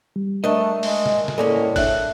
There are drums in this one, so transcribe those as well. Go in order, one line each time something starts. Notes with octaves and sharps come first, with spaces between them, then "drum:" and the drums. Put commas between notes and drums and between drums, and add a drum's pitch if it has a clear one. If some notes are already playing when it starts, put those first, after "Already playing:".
G3
A3 D4 A#4 D#5
G#3, drum: open hi-hat
drum: snare
drum: snare
A2 G#3 A#3 C#4 A4 D5
D4 E5 F#6, drum: kick A1, open hi-hat